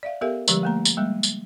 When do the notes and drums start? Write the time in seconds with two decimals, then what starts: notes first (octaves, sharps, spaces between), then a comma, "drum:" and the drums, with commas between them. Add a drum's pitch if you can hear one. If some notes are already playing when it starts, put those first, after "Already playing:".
0.03 D5 E5 F5
0.21 B3 G4 A4 A#4 E5 F5
0.48 D3 F3 G3 G#3 G4, drum: tambourine
0.63 A3 A#3 A#5
0.85 drum: tambourine
0.97 G3 G#3 A#3
1.23 drum: tambourine